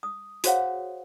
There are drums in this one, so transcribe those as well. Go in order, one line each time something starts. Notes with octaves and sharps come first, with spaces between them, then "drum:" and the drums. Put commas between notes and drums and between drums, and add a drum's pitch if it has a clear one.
D#6
F#4 G#4 C5 C#5 F5 F#5, drum: hi-hat